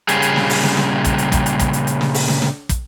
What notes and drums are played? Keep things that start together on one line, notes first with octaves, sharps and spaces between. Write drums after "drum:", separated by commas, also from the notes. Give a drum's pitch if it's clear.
A#2 C#3 G3 G#4, drum: hi-hat
drum: hi-hat
drum: snare
drum: open hi-hat
drum: snare
drum: snare
drum: kick, hi-hat
drum: hi-hat
drum: kick, hi-hat
drum: hi-hat
drum: kick, hi-hat
drum: hi-hat
drum: hi-hat
drum: snare
drum: open hi-hat
drum: snare
drum: snare
drum: kick, hi-hat